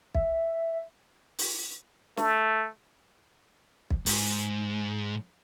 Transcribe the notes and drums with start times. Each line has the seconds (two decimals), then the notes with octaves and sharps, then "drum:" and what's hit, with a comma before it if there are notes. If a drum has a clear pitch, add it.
0.15 E5, drum: kick
1.38 drum: open hi-hat
2.17 A3, drum: snare
3.90 drum: kick
4.06 G#2, drum: open hi-hat